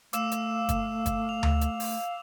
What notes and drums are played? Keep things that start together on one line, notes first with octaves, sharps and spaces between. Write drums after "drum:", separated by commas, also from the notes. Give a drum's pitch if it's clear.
A3 F5 D6 E6 E7, drum: hi-hat
drum: hi-hat
drum: kick, hi-hat
drum: kick, hi-hat
F7
drum: tom D2
drum: hi-hat
drum: open hi-hat